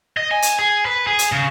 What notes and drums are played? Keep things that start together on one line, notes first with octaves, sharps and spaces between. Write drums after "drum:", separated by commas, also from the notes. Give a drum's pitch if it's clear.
D#5
G#5
drum: hi-hat
G#4
B4
G#4
drum: hi-hat
C#3